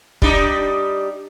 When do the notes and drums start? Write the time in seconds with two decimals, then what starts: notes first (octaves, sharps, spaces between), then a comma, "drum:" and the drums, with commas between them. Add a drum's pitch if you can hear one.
0.22 G3 D4 D#4, drum: kick